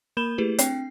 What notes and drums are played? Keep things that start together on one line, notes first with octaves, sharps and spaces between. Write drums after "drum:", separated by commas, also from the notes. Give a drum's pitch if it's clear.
A#3 A#4 B5 G6 E7 G7
A3 E4 G4 G#4 B4
C4 D4 G5 C7, drum: hi-hat